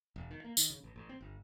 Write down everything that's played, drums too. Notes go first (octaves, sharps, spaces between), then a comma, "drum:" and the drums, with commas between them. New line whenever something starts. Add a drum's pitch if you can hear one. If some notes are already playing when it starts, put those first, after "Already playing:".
E1
D#3
A#3
D#3, drum: tambourine
C#3
A1
A1
C4
G1